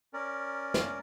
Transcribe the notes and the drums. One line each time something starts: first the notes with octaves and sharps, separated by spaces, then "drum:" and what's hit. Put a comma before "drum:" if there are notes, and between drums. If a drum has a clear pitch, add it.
C#4 A#4 D5
drum: snare